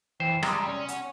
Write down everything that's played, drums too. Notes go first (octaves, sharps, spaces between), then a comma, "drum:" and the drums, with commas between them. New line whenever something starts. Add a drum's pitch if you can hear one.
E2 C5 G5
C3 G3 G#3 D4 A#5, drum: rim click
C#4 D5
F#5, drum: hi-hat